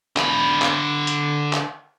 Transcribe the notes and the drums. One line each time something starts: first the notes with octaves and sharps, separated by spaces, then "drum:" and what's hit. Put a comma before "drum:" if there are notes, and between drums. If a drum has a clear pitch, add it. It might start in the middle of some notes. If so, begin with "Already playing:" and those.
D3 B5, drum: clap
drum: clap
drum: hi-hat
drum: clap